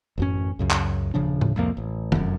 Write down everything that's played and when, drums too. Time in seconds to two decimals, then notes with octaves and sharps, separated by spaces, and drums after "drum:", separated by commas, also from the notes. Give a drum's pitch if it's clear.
0.18 A1 F#2 C#4
0.59 C#2 F#2 C#3
0.70 drum: clap
1.14 D#1 C#3 F3 D4
1.41 drum: tom A2
1.56 C2 F2 F3 A#3
1.77 A1
2.12 F1 F#2, drum: tom